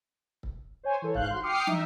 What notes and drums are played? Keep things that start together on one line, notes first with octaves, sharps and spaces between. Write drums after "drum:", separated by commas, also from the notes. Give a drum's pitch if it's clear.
drum: kick
C5 C#5 G#5
E3 A4 C#5
G#2 F5 F#6 G6, drum: kick
F#4 C6
G5 D6 D#6 F6 C7 C#7
D#4 E5, drum: tom